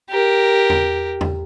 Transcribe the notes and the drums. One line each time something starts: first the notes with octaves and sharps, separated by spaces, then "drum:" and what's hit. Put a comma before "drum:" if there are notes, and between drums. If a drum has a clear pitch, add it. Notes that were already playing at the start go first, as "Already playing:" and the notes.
G4 A#4
drum: tom E2
drum: tom E2